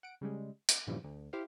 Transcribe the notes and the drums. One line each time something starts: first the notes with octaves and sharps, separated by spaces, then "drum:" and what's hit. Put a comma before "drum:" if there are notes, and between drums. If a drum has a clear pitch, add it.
F#5 D7
C#3 G3 G#3
D6, drum: hi-hat
G2 A#2 C#3 E3 F3 G3
D2
E4 G4 C5 F5